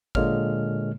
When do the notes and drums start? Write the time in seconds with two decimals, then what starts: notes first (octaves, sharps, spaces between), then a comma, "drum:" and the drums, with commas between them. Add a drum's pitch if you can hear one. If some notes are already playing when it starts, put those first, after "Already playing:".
0.15 A#2 D3 G#3 A#3 C#5 F6, drum: kick G#1